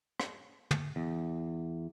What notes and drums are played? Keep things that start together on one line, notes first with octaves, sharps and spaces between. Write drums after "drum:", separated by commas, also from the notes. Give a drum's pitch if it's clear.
drum: rim click
drum: tom
E2